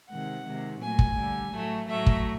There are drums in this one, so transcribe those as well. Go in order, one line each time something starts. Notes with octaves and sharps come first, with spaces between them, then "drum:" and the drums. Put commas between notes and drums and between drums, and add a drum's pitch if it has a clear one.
C3 D#3 G#3 F#5
C3 D#3 G#3
A#2 F#3 A3 G#5
drum: kick
D3 G3
A2 F#3 A3
A2 F#3 A3 E5
drum: kick